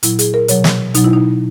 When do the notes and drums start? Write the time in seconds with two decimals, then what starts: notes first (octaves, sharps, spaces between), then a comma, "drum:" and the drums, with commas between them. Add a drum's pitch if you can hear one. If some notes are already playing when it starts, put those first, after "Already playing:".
0.03 A#2 F#3 E4, drum: hi-hat
0.19 G#4, drum: hi-hat
0.34 A#4
0.48 B2 F#3 C#5, drum: hi-hat
0.64 drum: snare
0.94 B2 F#3 D#4, drum: hi-hat
1.04 E4
1.13 D#4